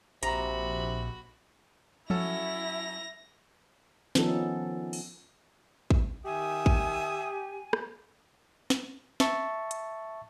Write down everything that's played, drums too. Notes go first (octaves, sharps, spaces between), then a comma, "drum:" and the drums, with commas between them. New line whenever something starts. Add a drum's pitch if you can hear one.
A#1 C3 F#4 A#5 B5, drum: hi-hat
F#3 C#4 E4 F#4 A4 A#6 F7, drum: tom F3
D#3 F3 B3 C#4 D#4 A4, drum: snare
drum: open hi-hat
drum: kick A1
D#3 G4 E5 G#5 D#6
drum: kick A1
drum: rim click
drum: snare
E5 A5 C#6, drum: snare
drum: hi-hat